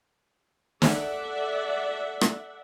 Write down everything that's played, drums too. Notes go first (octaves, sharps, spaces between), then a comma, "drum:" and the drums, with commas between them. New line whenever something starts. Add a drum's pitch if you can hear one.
A4 D5 E5 F#5, drum: snare
drum: rim click